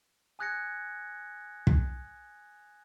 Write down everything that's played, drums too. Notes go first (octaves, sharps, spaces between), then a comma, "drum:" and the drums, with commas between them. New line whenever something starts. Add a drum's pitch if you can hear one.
G#5 D#6 F#6 G#6 A#6 C#7
drum: kick